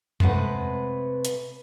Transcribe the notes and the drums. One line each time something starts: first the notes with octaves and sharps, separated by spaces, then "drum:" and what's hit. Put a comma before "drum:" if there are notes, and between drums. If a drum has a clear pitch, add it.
C3 G#3 A3 B4 F#5, drum: tom E2
drum: hi-hat